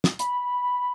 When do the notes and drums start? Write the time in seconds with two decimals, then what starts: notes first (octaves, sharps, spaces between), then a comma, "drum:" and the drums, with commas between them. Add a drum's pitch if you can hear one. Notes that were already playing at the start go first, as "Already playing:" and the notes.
0.04 drum: snare
0.19 B5, drum: hi-hat